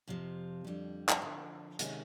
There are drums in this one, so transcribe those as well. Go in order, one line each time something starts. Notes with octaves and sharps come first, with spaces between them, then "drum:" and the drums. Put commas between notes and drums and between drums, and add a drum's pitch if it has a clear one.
F2 C3 F3
F2 D3 G3
drum: clap
F2 D3 F3
C3 D#3 G#3 C#4, drum: hi-hat